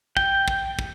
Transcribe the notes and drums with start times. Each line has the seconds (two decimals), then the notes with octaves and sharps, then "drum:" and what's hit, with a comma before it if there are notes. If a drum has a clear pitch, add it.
0.17 G5, drum: kick
0.48 drum: kick
0.79 drum: kick